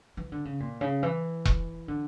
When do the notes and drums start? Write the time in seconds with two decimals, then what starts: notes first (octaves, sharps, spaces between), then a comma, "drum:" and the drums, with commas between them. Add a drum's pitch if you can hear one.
0.17 E3
0.32 D3
0.45 C#3
0.60 A#2
0.81 C#3
1.03 E3
1.45 drum: kick E1
1.88 D3